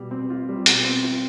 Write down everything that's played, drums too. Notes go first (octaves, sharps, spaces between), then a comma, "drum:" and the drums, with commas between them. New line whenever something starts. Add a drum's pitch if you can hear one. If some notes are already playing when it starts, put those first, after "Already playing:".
Already playing: B2 G3
C4
F4
G3
B2, drum: hi-hat
C4
F4